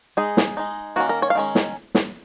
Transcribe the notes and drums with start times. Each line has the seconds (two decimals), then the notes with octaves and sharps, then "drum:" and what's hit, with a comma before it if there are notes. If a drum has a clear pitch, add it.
0.17 G#3 D#4 G#4
0.37 drum: snare
0.57 G#3 D#4
0.96 D#3 A#3 C#4 F#4
1.09 A#4
1.22 C#5
1.30 F5
1.35 D#3 G#3 C#4
1.55 drum: snare
1.95 drum: snare